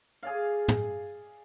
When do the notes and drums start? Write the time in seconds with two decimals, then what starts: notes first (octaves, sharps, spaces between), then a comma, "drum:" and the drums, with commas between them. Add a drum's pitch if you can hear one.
0.23 G#4 D5 F5
0.68 drum: tom